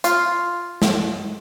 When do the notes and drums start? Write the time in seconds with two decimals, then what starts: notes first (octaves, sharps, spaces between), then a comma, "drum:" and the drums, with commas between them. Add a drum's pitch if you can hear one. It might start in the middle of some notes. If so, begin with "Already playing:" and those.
0.04 F4, drum: hi-hat
0.82 drum: snare